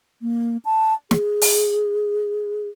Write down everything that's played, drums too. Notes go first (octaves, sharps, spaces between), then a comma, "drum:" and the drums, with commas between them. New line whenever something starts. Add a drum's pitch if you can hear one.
A#3
A5
G#4, drum: snare
drum: open hi-hat